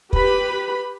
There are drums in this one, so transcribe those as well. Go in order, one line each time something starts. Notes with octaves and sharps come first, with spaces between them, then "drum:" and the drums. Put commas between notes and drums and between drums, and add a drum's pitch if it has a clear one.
G4 B4 B5, drum: kick